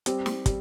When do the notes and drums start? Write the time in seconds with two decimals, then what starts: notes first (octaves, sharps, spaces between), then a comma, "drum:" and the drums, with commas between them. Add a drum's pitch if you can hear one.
0.06 G3 C4 G4, drum: hi-hat
0.26 drum: snare
0.46 G3, drum: kick, hi-hat